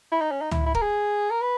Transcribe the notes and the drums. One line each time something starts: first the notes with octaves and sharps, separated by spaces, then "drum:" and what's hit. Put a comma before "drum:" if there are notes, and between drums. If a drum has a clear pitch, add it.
E4
D#4
C#4
D#4
E4, drum: tom C#2
E4
A#4, drum: kick
G#4
A#4
B4